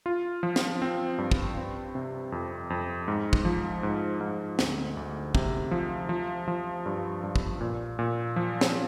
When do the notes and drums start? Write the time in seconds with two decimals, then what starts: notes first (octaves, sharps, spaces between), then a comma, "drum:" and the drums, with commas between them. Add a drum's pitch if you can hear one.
0.06 F4
0.43 F3
0.56 drum: snare
0.82 C4
1.18 G2
1.32 drum: kick
1.57 C4
1.95 C3
2.32 F2
2.70 F2
3.08 G#2
3.33 drum: kick
3.45 F3
3.83 G#2
4.21 G#2
4.59 D2, drum: snare
4.97 D2
5.35 C3, drum: kick
5.71 F3
6.09 F3
6.48 F3
6.86 G2
7.23 G2
7.36 drum: kick
7.61 A#2
7.99 A#2
8.36 F3
8.61 drum: snare